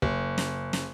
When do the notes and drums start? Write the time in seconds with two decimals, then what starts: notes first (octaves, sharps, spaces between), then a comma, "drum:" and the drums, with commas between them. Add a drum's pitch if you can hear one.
0.02 F#1, drum: kick
0.38 drum: snare
0.73 drum: snare